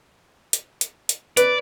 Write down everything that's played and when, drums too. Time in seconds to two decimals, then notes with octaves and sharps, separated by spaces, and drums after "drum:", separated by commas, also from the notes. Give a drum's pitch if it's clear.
0.53 drum: hi-hat
0.81 drum: hi-hat
1.09 drum: hi-hat
1.37 B4 D5, drum: hi-hat